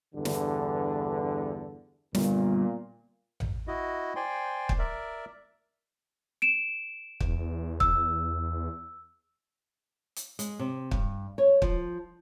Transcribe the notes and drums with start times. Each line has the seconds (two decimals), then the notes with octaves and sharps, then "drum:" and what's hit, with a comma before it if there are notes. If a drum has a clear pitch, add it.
0.15 E2 G2 D3
0.25 drum: snare
2.15 A#2 G3 B3, drum: snare
3.40 drum: tom A1
3.67 E4 F#4 D#5
4.16 C5 D5 G5 G#5 C6
4.69 drum: kick
4.79 A#4 D5 E5
6.42 D7 E7
7.20 E2, drum: kick
7.80 E6, drum: kick
10.16 drum: hi-hat
10.39 G#3, drum: hi-hat
10.59 C3
10.91 G2, drum: kick
11.38 C#5
11.62 F3, drum: kick